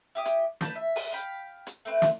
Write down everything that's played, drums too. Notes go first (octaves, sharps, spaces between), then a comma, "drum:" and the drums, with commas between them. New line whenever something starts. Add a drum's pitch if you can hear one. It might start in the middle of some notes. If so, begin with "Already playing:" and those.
E4 G4 D#6
drum: hi-hat
B4 A5 G6, drum: snare
E5
drum: open hi-hat
F5 G5 B5
drum: hi-hat
A3 C4 B4
drum: snare